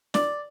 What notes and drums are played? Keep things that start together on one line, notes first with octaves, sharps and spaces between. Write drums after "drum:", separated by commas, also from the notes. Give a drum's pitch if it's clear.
D5, drum: snare